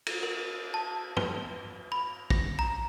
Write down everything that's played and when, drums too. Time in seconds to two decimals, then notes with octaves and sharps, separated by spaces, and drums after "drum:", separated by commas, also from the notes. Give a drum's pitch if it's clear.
0.07 drum: cymbal
0.23 A#4
0.74 A5
1.17 B4, drum: tom
1.92 B5
2.30 A#6, drum: kick
2.59 A#5